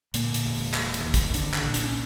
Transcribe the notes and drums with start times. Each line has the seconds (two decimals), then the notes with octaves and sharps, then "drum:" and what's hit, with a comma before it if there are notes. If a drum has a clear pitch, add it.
0.14 A#2 D3 A#3, drum: hi-hat
0.34 drum: hi-hat
0.44 E1
0.54 drum: open hi-hat
0.74 E1, drum: clap
0.94 drum: hi-hat
1.04 D#2
1.14 drum: kick, hi-hat
1.34 C2 D3 D4, drum: hi-hat
1.54 drum: clap
1.63 A#2
1.74 D4, drum: hi-hat
1.84 C#4